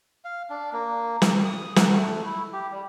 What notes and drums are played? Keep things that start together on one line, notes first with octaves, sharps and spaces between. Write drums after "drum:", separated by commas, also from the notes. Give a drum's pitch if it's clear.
F5
D4
A#3
drum: snare
D#6
F#5, drum: snare
A3
E4
G4
G3